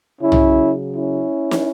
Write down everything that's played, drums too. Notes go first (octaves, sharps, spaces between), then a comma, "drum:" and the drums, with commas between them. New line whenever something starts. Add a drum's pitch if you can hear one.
C#3 F#3 C#4 E4
drum: tom
C#4 E4
drum: snare